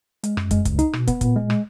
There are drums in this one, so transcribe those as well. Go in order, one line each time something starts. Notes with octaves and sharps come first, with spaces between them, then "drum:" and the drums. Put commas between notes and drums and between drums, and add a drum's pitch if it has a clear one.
G#3, drum: hi-hat
F#2, drum: rim click
G#3, drum: kick, hi-hat
C#2, drum: kick, hi-hat
D#4, drum: hi-hat
B2, drum: rim click
B3, drum: kick, hi-hat
A#2, drum: kick, hi-hat
G#3
drum: rim click